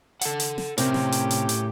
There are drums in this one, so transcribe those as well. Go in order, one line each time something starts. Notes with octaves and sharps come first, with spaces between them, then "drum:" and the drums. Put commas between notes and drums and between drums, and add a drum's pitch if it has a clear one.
A4 F#5, drum: hi-hat
drum: hi-hat
drum: snare
A2 C3 C#4 G4 A#4, drum: hi-hat
drum: snare
drum: hi-hat
drum: hi-hat
drum: hi-hat